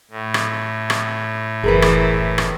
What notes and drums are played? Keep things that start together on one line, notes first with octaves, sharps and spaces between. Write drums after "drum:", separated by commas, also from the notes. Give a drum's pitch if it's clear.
A2
drum: rim click
drum: rim click
F#1 E3 G#4 A#4 B4
drum: rim click
drum: rim click